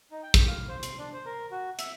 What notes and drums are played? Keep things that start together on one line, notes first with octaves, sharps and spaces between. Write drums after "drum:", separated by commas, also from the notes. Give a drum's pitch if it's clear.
D#4
G5
drum: kick, hi-hat
F5
C5
C6, drum: hi-hat
D4
C5
A#4
F#4
E5, drum: hi-hat